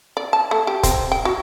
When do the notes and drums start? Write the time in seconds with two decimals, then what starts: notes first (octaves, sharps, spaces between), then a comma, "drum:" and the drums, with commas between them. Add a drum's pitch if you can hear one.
0.17 D5
0.33 A5
0.51 A3
0.67 G4
0.83 C4, drum: kick, hi-hat
1.12 G5
1.25 F#4